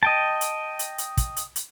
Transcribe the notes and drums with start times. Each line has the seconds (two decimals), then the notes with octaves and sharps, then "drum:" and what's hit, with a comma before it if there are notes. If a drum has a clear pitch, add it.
0.03 D#5 G5 A5
0.41 drum: hi-hat
0.79 drum: hi-hat
0.98 drum: hi-hat
1.17 drum: kick, hi-hat
1.37 drum: hi-hat
1.56 drum: hi-hat